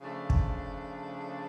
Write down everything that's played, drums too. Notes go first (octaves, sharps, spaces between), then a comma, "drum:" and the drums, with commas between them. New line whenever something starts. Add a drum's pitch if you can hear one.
C#3 F3 A3 D4
drum: kick